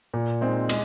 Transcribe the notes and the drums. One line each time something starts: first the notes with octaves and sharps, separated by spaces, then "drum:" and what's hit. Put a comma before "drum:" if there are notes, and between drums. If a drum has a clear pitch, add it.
A#2
G#3 C4 D#4
G#3, drum: cymbal